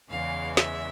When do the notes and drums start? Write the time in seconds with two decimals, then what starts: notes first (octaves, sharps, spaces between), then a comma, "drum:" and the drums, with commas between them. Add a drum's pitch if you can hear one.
0.10 E2 C#3 E3 G#3 F5
0.57 E5, drum: snare